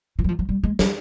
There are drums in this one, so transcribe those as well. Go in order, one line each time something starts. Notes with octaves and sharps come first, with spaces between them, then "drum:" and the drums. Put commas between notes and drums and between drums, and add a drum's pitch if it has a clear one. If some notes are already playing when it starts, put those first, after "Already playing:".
E3
F#3
F3
F#3
G3
G#3
G3, drum: snare